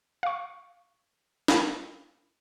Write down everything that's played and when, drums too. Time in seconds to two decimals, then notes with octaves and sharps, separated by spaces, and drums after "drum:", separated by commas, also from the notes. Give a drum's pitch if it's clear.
0.23 F5 C#6
1.48 drum: snare